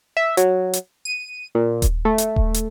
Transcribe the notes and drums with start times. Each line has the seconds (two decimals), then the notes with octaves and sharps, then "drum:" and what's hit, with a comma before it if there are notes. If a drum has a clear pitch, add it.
0.17 E5
0.37 F#3, drum: hi-hat
0.73 drum: hi-hat
1.05 D#7
1.55 A#2
1.82 drum: kick D#1, hi-hat
2.05 A3
2.18 drum: hi-hat
2.36 drum: kick D#1
2.54 drum: hi-hat